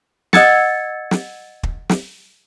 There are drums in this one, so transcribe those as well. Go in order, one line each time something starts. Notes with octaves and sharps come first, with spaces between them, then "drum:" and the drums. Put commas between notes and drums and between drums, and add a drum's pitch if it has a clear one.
D#5 F#5 E6 G#6 A6 C#7, drum: snare
drum: snare
drum: kick
drum: snare